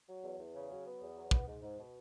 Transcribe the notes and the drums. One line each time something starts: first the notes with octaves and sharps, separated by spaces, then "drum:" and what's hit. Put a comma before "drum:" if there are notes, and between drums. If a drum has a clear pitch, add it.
F#3
E2
E2
C#3
F#3
B3
E2
F#3
B3, drum: kick
G#2
G#2
B2